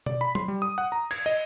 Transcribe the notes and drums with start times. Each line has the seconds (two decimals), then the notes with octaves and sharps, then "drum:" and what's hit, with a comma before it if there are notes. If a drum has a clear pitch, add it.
0.06 D5, drum: tom B2
0.21 B5
0.35 C6, drum: tom F#3
0.48 G3
0.62 D#6
0.78 F#5
0.92 A#5
1.11 G#6, drum: cymbal
1.26 D#5